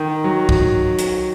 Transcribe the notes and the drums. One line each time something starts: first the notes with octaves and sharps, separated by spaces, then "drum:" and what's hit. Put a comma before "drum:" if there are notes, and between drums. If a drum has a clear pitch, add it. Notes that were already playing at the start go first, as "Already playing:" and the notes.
Already playing: D#3
F#3
drum: kick
drum: hi-hat